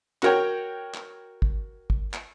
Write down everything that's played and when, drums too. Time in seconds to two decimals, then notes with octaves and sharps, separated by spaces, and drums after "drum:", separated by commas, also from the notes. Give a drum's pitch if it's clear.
0.23 F#4 A#4 C#5 G5, drum: clap
0.94 drum: clap
1.42 drum: kick
1.90 drum: kick
2.14 drum: clap